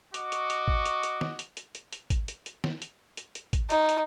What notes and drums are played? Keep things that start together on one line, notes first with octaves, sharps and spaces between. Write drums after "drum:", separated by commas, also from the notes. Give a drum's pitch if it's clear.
F#4 D#5 C#6 D6, drum: hi-hat
drum: hi-hat
drum: hi-hat
drum: kick
drum: hi-hat
drum: hi-hat
drum: snare
drum: hi-hat
drum: hi-hat
drum: hi-hat
drum: hi-hat
drum: kick, hi-hat
drum: hi-hat
drum: hi-hat
drum: snare
drum: hi-hat
drum: hi-hat
drum: hi-hat
drum: kick, hi-hat
D#4, drum: hi-hat
drum: hi-hat